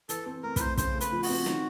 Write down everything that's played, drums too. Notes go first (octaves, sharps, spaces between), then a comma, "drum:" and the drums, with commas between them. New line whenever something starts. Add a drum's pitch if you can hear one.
E3 A4, drum: hi-hat
C4
A3 A#4
B4, drum: kick, hi-hat
E4 C5
C#3 C5, drum: kick, hi-hat
A3
B4, drum: hi-hat
F3
F#4, drum: open hi-hat
C4
D#3, drum: snare